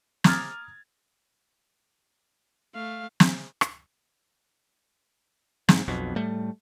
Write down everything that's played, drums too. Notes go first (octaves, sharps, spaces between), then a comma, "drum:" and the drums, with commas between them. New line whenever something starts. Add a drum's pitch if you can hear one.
A#5 D6 D#6 F6 G#6 A6, drum: snare
A3 F5
drum: snare
drum: rim click
G#2, drum: snare
B1 F2 B2
A2 G3 A3